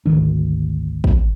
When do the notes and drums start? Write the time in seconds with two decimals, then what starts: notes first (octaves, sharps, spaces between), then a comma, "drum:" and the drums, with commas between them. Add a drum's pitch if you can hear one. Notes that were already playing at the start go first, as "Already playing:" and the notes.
0.06 G#1 D2 D#3 D4
1.04 drum: kick